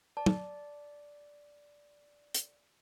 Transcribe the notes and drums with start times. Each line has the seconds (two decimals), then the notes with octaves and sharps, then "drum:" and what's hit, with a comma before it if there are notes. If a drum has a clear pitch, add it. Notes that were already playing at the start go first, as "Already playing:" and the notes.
0.17 D5 A5
0.26 drum: tom
2.34 drum: hi-hat